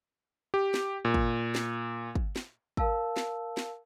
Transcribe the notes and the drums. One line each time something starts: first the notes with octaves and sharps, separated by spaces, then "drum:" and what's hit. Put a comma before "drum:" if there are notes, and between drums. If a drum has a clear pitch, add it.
G4
drum: snare
A#2
drum: kick
drum: snare
drum: kick
drum: snare
A#4 F5 A5 E6, drum: kick
drum: snare
drum: snare